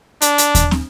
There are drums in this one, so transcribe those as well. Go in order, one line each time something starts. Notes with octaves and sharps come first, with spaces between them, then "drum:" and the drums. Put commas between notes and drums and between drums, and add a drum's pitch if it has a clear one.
D4, drum: hi-hat
drum: hi-hat
drum: kick D#2, hi-hat
drum: snare